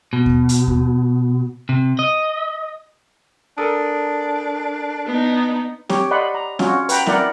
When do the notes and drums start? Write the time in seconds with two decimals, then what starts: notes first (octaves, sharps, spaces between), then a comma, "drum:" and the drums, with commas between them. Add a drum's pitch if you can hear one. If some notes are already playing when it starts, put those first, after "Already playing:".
0.13 B2
0.26 drum: kick D#2
0.49 drum: hi-hat
0.67 drum: kick D#2
1.69 C3
1.99 D#5
3.58 D4 A4 A#4 D#6
5.07 B3 D#4
5.89 G4 C#5, drum: snare C4
6.11 D5 D#5 F#5 B5 C6
6.34 A#5
6.59 C#4 F4 F#4, drum: snare C4
6.89 B4 F#5 G5 A#5 B5, drum: hi-hat
7.06 E4 A#4 D5 F#5, drum: snare C4